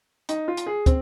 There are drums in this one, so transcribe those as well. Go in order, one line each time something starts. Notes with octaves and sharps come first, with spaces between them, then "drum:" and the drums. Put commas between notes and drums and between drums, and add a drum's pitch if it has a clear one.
D#4, drum: hi-hat
F4
drum: hi-hat
G#4
C4, drum: kick, hi-hat